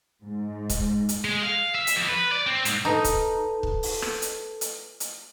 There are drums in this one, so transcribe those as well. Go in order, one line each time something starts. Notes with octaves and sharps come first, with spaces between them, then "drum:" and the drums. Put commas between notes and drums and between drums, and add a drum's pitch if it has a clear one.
G#2
drum: kick C#1, hi-hat
drum: hi-hat
G#3
F5
E5
drum: hi-hat
F2
B4
D5
C4
G#2, drum: hi-hat
D#4 A4 B4 A5
drum: kick C#1, hi-hat
drum: kick C#1
drum: open hi-hat
drum: rim click
drum: hi-hat
drum: hi-hat
drum: hi-hat